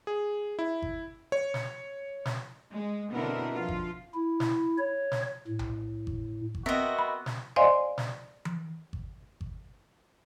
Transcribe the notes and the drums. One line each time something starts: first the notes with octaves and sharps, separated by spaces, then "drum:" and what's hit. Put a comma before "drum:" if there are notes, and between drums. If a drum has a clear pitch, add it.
G#4
E4
drum: kick G#1
C#5
drum: snare
drum: snare
G#3
B2 D3 B3 C4 E4 A#4
F3 F4
drum: kick G#1
E4
drum: snare
C#5
drum: snare
A2
drum: tom B1
drum: kick G#1
drum: kick G#1
B3 C4 F#4 A#4 D#5 E5
B5
drum: snare
C5 D5 D#5 F5 G#5 C6
drum: snare
drum: tom E3
drum: kick G#1
drum: kick G#1